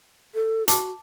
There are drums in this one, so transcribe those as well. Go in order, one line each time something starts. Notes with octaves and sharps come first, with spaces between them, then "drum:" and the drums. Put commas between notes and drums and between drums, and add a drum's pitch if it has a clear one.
A4
F#4 A5 D6, drum: hi-hat